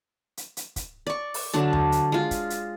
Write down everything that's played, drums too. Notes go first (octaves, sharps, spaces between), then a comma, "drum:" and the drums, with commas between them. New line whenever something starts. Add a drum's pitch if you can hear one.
drum: hi-hat
drum: hi-hat
drum: kick, hi-hat
D5 C#6
drum: open hi-hat
D3 F#3 D4 A5
drum: tom D#2
drum: hi-hat
G#3 F4
drum: kick, hi-hat
drum: hi-hat